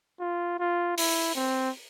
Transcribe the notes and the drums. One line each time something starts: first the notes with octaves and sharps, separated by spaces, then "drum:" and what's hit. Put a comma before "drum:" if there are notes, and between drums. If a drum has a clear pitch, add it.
F4
F4
E4, drum: open hi-hat
C4